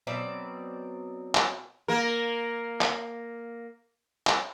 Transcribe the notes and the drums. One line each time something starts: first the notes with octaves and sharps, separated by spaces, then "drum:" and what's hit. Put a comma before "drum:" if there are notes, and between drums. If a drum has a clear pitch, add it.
B2 F#3 C4 D5
drum: clap
A#3 A#4
drum: clap
drum: clap